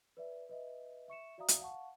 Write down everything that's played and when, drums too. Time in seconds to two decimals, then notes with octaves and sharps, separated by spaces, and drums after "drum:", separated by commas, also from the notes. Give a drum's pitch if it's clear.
0.17 B4 D5 E5
0.49 B4 D#5 E5
1.08 E5 C#6 C#7 E7
1.38 F#4 D5 E5 F5 A#5 D#6
1.48 drum: hi-hat
1.60 F5 F#5 A5 C#6